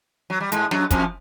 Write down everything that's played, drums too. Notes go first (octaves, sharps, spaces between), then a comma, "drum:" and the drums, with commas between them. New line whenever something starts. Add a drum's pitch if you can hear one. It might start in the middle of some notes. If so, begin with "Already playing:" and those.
F#3
G3
G#2 G#3, drum: hi-hat
F#2 F#3, drum: snare
F2 F3, drum: kick, hi-hat